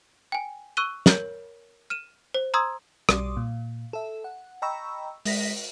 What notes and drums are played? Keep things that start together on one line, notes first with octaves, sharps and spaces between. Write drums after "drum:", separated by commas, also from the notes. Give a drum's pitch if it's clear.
G5 G#5
C#6 E6 F#6 D#7 G7
A#4 C#5 G6, drum: snare
F6 D#7 E7
C5
A#5 C6 D#6 E6 G#6
B1 G3 D5 C6 D6 D#6, drum: rim click
A#2
A4 E5
F#5
D#5 G5 A#5 B5 C#6 E6
G#3 A#6 B6, drum: open hi-hat